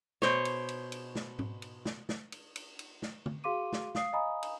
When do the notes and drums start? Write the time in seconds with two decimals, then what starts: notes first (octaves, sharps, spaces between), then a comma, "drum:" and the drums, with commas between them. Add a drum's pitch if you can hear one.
0.22 B2 C5 C#5, drum: snare
0.45 drum: cymbal
0.69 drum: cymbal
0.92 drum: cymbal
1.15 drum: snare
1.39 drum: tom G#2
1.62 drum: cymbal
1.85 drum: snare
2.09 drum: snare
2.32 drum: cymbal
2.56 drum: cymbal
2.79 drum: cymbal
3.02 drum: snare
3.26 drum: tom
3.44 F#4 G#4 F5 C6 D6 D#7
3.72 drum: snare
3.95 F5 D#6 C7, drum: snare
4.13 D#5 F5 G#5 A#5 B5 D#6
4.43 drum: cymbal